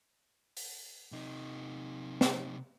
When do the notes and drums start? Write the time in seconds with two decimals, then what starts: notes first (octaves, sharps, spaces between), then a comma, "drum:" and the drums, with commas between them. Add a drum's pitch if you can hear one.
0.57 drum: open hi-hat
1.12 C3 D#4
2.21 drum: snare